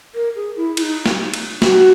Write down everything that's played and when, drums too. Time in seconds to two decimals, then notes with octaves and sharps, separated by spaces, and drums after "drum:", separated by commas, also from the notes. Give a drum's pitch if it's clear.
0.15 A#4
0.35 G#4
0.57 E4
0.77 E4, drum: cymbal
0.82 D#4
1.06 drum: snare
1.34 drum: cymbal
1.62 F#4, drum: snare